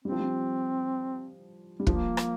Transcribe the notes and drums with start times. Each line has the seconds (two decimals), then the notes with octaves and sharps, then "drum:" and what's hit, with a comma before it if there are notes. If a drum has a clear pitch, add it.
0.05 G3 C4
0.12 F3
0.20 G3
1.80 G3
1.87 F3 A#3, drum: kick
2.17 drum: rim click